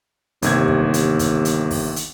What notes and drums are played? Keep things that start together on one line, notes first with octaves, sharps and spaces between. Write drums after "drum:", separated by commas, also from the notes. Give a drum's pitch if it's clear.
G1 D#2 C3 G#6, drum: hi-hat
drum: kick
drum: hi-hat
drum: kick, hi-hat
drum: hi-hat
drum: kick, open hi-hat
drum: hi-hat